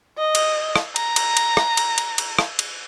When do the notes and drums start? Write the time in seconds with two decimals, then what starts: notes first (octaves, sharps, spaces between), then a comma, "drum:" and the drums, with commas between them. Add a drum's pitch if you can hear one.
0.18 D#5
0.35 drum: cymbal
0.76 drum: rim click
0.96 A#5, drum: cymbal
1.16 drum: cymbal
1.37 drum: cymbal
1.57 drum: rim click
1.77 drum: cymbal
1.98 drum: cymbal
2.18 drum: cymbal
2.39 drum: rim click
2.59 drum: cymbal